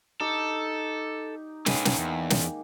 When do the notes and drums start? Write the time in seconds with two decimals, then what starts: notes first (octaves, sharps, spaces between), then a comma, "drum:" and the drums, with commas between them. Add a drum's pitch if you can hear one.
0.20 D#4 G4 A4
1.66 D#3 G#3 A#3 C#4 G#4 B4, drum: snare
1.85 drum: snare
1.99 E2
2.30 drum: snare